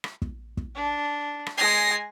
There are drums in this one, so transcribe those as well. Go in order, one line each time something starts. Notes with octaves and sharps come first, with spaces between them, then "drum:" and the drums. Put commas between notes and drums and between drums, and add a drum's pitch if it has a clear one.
drum: rim click
drum: kick
drum: kick
D4
drum: rim click
G#3 G#5 A#6 C7